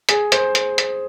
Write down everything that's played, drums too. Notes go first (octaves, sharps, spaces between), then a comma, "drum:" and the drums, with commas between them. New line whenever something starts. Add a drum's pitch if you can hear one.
G#4, drum: hi-hat
C5, drum: hi-hat
drum: hi-hat
drum: hi-hat